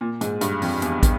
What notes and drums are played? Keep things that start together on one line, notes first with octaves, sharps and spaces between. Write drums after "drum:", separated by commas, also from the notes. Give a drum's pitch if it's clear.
A#2
G#2, drum: hi-hat
G2, drum: hi-hat
F2, drum: open hi-hat
E2, drum: hi-hat
drum: kick, hi-hat